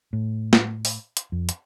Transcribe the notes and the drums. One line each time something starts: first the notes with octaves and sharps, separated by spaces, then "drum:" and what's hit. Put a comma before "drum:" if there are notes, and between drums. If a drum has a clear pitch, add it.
A2
drum: snare
drum: open hi-hat
drum: hi-hat
F2
drum: hi-hat